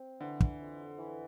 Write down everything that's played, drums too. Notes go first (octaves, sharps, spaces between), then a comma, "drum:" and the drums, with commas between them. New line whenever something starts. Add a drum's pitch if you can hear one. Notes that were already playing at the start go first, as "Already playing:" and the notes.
Already playing: C4
D3 E3
drum: kick
F2
E3